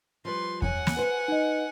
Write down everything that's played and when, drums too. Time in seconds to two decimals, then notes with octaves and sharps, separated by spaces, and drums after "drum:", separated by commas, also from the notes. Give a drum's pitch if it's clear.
0.25 F3 G3 B4 C6
0.62 F#2 F#5 G#5, drum: kick E2
0.87 drum: snare
0.97 B4 C5
1.28 D#4 D#5